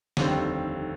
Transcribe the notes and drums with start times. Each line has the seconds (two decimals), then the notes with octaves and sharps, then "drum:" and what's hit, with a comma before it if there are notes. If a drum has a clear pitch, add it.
0.17 F1 D#2 D3 G3 C4, drum: snare